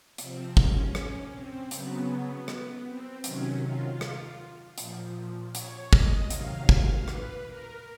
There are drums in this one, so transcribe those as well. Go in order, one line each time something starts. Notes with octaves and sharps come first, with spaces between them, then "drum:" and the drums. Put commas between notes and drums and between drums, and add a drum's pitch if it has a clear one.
C3 F3 C4, drum: hi-hat
C#4, drum: kick
drum: rim click
C4
C#3 F#3 B3, drum: hi-hat
drum: rim click
C4
C3 D#3 F#3 C#4, drum: hi-hat
F4
drum: rim click
A#2 F3, drum: hi-hat
C#5, drum: hi-hat
D#5, drum: kick
C3 D#3 F#3 F5, drum: hi-hat
F5, drum: kick
B4, drum: rim click
A#4